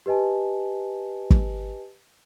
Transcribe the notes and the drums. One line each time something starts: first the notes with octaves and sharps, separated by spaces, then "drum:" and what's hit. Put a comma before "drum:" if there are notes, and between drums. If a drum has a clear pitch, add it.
G4 B4 D#5 G#5 A5
drum: kick